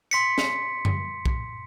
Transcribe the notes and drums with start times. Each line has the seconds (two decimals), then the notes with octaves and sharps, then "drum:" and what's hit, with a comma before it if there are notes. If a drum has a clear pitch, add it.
0.11 C6 B6 C#7
0.38 drum: snare
0.85 drum: tom F#2
1.26 drum: kick B1